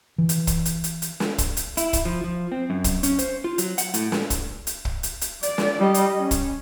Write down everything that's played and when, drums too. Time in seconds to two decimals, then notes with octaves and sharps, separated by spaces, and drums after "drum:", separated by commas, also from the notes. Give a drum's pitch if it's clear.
0.18 E3
0.29 drum: hi-hat
0.47 drum: kick, hi-hat
0.65 drum: hi-hat
0.84 drum: hi-hat
1.02 drum: hi-hat
1.20 drum: snare
1.38 drum: kick, hi-hat
1.57 drum: hi-hat
1.77 E4, drum: hi-hat
1.93 drum: kick, hi-hat
2.05 F3
2.24 F3
2.52 C4
2.70 F#2
2.84 drum: kick, hi-hat
3.03 C#4, drum: hi-hat
3.19 C5, drum: hi-hat
3.44 F4
3.58 F#3, drum: hi-hat
3.78 F#5, drum: hi-hat
3.94 A2, drum: hi-hat
4.12 drum: snare
4.30 drum: kick, hi-hat
4.67 drum: hi-hat
4.85 drum: kick
5.03 drum: hi-hat
5.21 drum: hi-hat
5.43 D5, drum: hi-hat
5.58 drum: snare
5.79 G3 D#5
5.94 drum: hi-hat
6.17 C#4
6.31 drum: kick, hi-hat